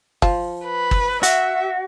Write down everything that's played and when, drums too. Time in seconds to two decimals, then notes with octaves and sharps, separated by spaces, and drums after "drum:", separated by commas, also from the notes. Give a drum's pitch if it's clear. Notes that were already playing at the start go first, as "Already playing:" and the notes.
0.22 F3, drum: kick G1
0.65 B4
0.91 drum: kick G1
1.23 F#4 E5, drum: hi-hat